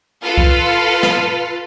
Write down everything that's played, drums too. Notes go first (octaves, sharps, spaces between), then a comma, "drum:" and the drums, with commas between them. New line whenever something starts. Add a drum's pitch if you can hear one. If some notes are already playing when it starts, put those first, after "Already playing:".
F4 A4 B4 F5
drum: kick C2
drum: snare